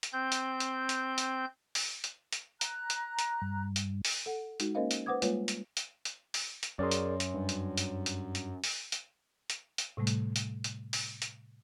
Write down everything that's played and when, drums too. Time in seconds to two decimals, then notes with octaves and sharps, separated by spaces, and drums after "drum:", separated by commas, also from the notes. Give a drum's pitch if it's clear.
0.03 drum: hi-hat
0.13 C4 G6
0.32 drum: hi-hat
0.60 drum: hi-hat
0.89 drum: hi-hat
1.18 drum: hi-hat
1.75 drum: open hi-hat
2.04 drum: hi-hat
2.33 drum: hi-hat
2.61 A#5 F#6, drum: hi-hat
2.90 drum: hi-hat
3.19 drum: hi-hat
3.42 G2
3.76 drum: hi-hat
4.05 drum: open hi-hat
4.26 A4 F#5
4.60 G#3 D#4 F#4, drum: hi-hat
4.75 A#3 C#4 A#4 C5 D#5 F5
4.91 drum: hi-hat
5.06 B4 C5 F#5 D6 D#6 G#6
5.22 G3 G#3 A#3 F4 B4 C#5, drum: hi-hat
5.48 drum: hi-hat
5.77 drum: hi-hat
6.05 drum: hi-hat
6.34 drum: open hi-hat
6.63 drum: hi-hat
6.79 F#2 G#4 A#4 C#5 D5 C6
6.91 drum: hi-hat
7.20 drum: hi-hat
7.34 G2
7.49 drum: hi-hat
7.78 drum: hi-hat
8.06 drum: hi-hat
8.35 drum: hi-hat
8.64 drum: open hi-hat
8.92 drum: hi-hat
9.50 drum: hi-hat
9.78 drum: hi-hat
9.97 A2 C3 G3 A3
10.07 drum: hi-hat
10.36 drum: hi-hat
10.64 drum: hi-hat
10.93 drum: open hi-hat
11.22 drum: hi-hat